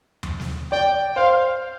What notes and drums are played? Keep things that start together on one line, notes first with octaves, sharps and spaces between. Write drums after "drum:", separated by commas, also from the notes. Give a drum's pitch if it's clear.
drum: tom D#2
drum: snare
D5 G5
C5 F5